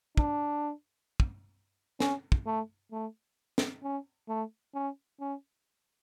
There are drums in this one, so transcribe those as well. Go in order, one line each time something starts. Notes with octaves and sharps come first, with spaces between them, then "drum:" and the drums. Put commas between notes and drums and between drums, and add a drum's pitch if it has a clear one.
D4, drum: kick
drum: kick
C#4, drum: snare
drum: kick
A3
A3
drum: snare
C#4
A3
C#4
C#4